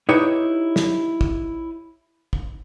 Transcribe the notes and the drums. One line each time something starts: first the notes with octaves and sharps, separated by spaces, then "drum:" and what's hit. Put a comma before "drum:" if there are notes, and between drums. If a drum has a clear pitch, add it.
D#4 E4 G4 B4 C#5
drum: snare
drum: kick
drum: kick